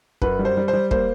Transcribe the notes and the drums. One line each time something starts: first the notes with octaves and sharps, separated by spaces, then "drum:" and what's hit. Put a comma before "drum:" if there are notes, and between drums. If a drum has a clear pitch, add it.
F#2 B4, drum: kick
G3
C5
G3
C5
G3
A#3 C5, drum: kick